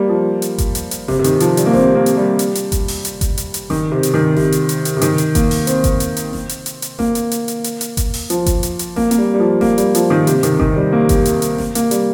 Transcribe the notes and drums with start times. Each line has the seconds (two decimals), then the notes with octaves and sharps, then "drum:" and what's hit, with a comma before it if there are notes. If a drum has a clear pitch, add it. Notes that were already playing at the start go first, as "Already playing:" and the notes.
Already playing: G3 A#3
0.09 F3
0.42 drum: hi-hat
0.58 drum: kick G1, hi-hat
0.75 drum: hi-hat
0.91 drum: hi-hat
1.08 C3, drum: snare F#1
1.19 C3
1.24 D#3, drum: hi-hat
1.40 F3, drum: hi-hat
1.57 G3, drum: hi-hat
1.66 A#3
1.73 C4, drum: snare F#1
1.95 A#3
2.06 drum: hi-hat
2.17 G3
2.39 drum: hi-hat
2.55 drum: hi-hat
2.72 drum: kick G1, hi-hat
2.88 drum: open hi-hat
3.05 drum: hi-hat
3.21 drum: kick G1, hi-hat
3.37 drum: hi-hat
3.54 drum: hi-hat
3.70 D#3, drum: snare F#1
3.92 C3
4.03 drum: hi-hat
4.14 D#3
4.36 C3, drum: snare F#1
4.52 drum: hi-hat
4.69 drum: hi-hat
4.85 drum: hi-hat
4.97 C3
5.02 D#3, drum: hi-hat
5.18 drum: hi-hat
5.35 A#3, drum: kick G1, hi-hat
5.51 drum: open hi-hat
5.67 C4, drum: hi-hat
5.84 drum: kick G1, hi-hat
6.00 drum: hi-hat
6.17 drum: hi-hat
6.33 drum: snare F#1
6.49 drum: hi-hat
6.66 drum: hi-hat
6.82 drum: hi-hat
6.99 A#3, drum: snare F#1
7.15 drum: hi-hat
7.31 drum: hi-hat
7.48 drum: hi-hat
7.64 drum: hi-hat
7.81 drum: hi-hat
7.97 drum: kick G1, hi-hat
8.14 drum: open hi-hat
8.30 F3, drum: hi-hat
8.46 drum: kick G1, hi-hat
8.63 drum: hi-hat
8.79 drum: hi-hat
8.96 A#3, drum: snare F#1
9.11 A#3, drum: hi-hat
9.18 G3
9.34 G3
9.40 F3
9.61 A#3, drum: snare F#1
9.78 G3, drum: hi-hat
9.95 F3, drum: hi-hat
10.10 D#3
10.27 C3, drum: hi-hat
10.43 D#3, drum: hi-hat
10.60 D#3, drum: kick G1
10.76 G3
10.92 A#3
11.09 drum: kick G1, hi-hat
11.25 drum: hi-hat
11.42 drum: hi-hat
11.58 drum: snare F#1
11.75 A#3, drum: hi-hat
11.91 G3, drum: hi-hat